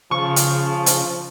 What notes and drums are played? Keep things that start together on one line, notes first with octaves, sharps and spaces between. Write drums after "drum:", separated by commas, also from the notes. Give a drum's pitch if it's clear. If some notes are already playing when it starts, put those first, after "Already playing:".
C#3 F3 C#6
drum: hi-hat
drum: hi-hat